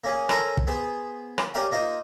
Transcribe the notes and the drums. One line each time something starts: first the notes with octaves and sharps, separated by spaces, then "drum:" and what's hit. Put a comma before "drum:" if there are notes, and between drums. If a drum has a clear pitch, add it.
A#3 C#4 G#4
C#4 A4 A#4 C5 G#5 A#5, drum: rim click
drum: kick
B3 G#4 C5
drum: rim click
C#4 G4 A#4 D5 F5 G5
A#3 D#4 F4 C5